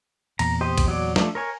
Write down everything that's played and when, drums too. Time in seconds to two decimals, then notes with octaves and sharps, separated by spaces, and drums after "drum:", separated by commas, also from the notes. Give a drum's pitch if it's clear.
0.39 E2 A#2 A#5, drum: cymbal
0.61 G4 C5 D#5
0.78 drum: kick A#1, cymbal
0.88 F#3 D5
1.16 F3 A3 D4, drum: snare
1.35 A#4 C#5 G#5